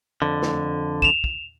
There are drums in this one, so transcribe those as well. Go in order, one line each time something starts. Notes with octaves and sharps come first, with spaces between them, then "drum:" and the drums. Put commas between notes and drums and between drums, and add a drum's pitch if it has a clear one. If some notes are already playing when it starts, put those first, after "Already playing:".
F2 D3
drum: snare
E7 F7, drum: kick
drum: kick